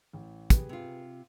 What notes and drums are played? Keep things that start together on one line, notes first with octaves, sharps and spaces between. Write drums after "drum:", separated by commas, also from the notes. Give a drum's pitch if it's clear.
A1
G4 G#4 B4, drum: kick, hi-hat
C3 F4